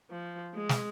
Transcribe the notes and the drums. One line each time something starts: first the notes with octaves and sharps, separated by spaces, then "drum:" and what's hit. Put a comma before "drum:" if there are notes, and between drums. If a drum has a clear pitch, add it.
F3
G#3
drum: snare